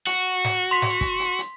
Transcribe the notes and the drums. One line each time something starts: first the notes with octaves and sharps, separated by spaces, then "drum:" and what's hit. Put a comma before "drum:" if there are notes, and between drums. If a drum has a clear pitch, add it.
F#4, drum: hi-hat
drum: snare
C6 B6
drum: snare
drum: kick, hi-hat
drum: hi-hat
drum: hi-hat